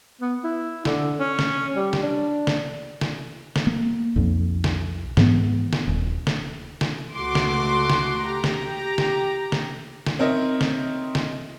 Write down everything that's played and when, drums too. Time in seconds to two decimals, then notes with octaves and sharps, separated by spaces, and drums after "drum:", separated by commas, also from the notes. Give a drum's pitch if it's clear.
0.21 B3
0.44 E4
0.85 D3, drum: snare
1.19 C#4
1.39 drum: snare
1.76 G3
1.93 drum: snare
2.02 D4
2.47 drum: snare
3.01 drum: snare
3.56 drum: snare
3.67 A#3
4.16 B1 F2
4.64 drum: snare
5.17 G#2 E3 B3, drum: snare
5.73 drum: snare
5.87 D#1
6.27 drum: snare
6.81 drum: snare
7.14 C#2 A3 F#4 C6 D6
7.35 drum: snare
7.90 drum: snare
8.27 G4 A#5
8.44 drum: snare
8.98 drum: snare
9.52 drum: snare
10.06 drum: snare
10.19 C4 D#4 A#4 C#5 D#5 E5
10.61 drum: snare
11.15 drum: snare